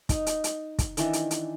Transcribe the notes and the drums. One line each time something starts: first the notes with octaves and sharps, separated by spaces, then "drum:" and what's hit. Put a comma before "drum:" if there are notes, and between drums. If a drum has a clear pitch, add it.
D#4, drum: kick, hi-hat
drum: hi-hat
drum: hi-hat
drum: kick, hi-hat
D#3 E3 D4, drum: hi-hat
drum: hi-hat
drum: hi-hat